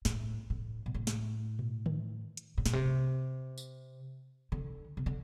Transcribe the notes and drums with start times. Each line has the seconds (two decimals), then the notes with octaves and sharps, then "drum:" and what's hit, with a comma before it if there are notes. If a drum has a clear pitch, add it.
0.05 A2, drum: snare
0.50 A2
0.86 A#2
0.94 A2
1.07 drum: snare
1.59 drum: tom A#2
1.86 drum: tom D3
2.37 drum: hi-hat
2.58 A2
2.66 A#2, drum: snare
2.73 C3
3.58 drum: tambourine
4.52 D3
4.97 C3
5.06 D3